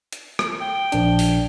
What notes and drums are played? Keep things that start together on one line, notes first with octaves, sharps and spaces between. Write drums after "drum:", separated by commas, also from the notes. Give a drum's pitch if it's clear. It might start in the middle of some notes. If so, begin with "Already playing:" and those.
drum: hi-hat
drum: rim click
G5
A#1 D4, drum: hi-hat
drum: open hi-hat